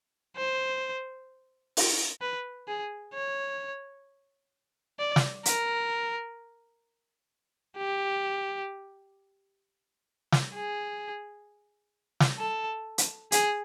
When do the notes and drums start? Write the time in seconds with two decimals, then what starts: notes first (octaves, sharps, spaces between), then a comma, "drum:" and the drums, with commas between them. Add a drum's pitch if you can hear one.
0.36 C5
1.77 drum: open hi-hat
2.21 B4
2.68 G#4
3.14 C#5
4.99 D5
5.16 drum: snare
5.45 A#4, drum: hi-hat
7.77 G4
10.32 drum: snare
10.54 G#4
12.20 drum: snare
12.39 A4
12.98 drum: hi-hat
13.32 G#4, drum: hi-hat